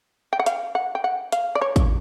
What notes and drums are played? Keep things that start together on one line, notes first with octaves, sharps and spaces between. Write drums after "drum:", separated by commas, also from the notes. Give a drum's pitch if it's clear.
G5
F#5
F5, drum: hi-hat
F#5
G5
F#5
F5, drum: hi-hat
D5
C#5
drum: kick, hi-hat